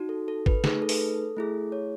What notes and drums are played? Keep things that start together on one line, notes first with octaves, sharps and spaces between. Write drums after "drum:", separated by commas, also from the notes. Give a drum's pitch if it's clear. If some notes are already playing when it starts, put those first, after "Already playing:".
Already playing: D#4 F#4
A4
A4
B4, drum: kick
A3 D#4 G#4, drum: snare
A4
B4, drum: open hi-hat
A4
A3 E4 G#4
C#5